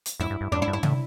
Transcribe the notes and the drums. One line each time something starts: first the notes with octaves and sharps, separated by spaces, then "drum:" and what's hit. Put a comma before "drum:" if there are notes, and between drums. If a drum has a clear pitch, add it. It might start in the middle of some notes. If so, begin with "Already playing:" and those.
drum: hi-hat
F2 E4
G2
G2
F2 D4
E4
G2
E4
A2, drum: tom C3